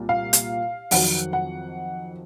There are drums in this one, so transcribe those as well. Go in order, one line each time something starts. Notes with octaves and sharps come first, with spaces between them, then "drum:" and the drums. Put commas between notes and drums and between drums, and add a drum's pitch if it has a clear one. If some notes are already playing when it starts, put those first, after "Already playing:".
Already playing: C2 A#2
F5
drum: hi-hat
F2 D#3 F#3 F#5, drum: open hi-hat
F#5